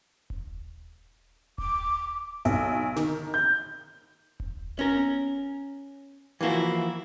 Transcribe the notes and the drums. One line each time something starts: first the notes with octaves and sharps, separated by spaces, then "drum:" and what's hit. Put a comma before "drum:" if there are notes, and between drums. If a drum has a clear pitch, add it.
drum: kick D#1
D6, drum: kick D#1
B1, drum: hi-hat
D#3, drum: snare
G6
drum: kick D#1
C#4 A#4
drum: tom B3
E3 F3 A#3 E4 F#4